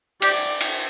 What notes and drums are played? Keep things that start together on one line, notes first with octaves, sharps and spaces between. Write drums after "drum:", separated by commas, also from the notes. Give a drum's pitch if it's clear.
G4 D5, drum: cymbal
drum: cymbal